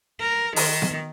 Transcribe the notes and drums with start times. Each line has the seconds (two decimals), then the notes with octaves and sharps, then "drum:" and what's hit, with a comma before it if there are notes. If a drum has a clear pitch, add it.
0.20 A#4
0.56 D#3, drum: open hi-hat
0.82 drum: snare B3